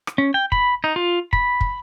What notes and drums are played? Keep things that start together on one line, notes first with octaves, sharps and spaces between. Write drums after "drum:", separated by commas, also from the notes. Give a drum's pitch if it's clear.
drum: rim click
C#4
G5
B5, drum: kick
D#4
F4
B5, drum: kick
drum: kick